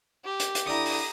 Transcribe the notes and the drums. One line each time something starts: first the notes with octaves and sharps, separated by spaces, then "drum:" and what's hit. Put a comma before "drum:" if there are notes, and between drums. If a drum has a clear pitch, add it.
G4
drum: hi-hat
drum: hi-hat
D3 D4 E4 A#5 D#6
drum: open hi-hat